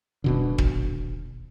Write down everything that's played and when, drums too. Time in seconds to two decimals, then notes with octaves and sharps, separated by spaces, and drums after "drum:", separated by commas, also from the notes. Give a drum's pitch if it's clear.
0.24 D#1 B2 D3
0.58 drum: kick